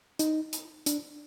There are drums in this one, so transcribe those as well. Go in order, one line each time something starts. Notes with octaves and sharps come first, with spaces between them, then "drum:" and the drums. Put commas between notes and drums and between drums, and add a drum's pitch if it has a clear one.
D#4, drum: hi-hat
drum: hi-hat
D4, drum: hi-hat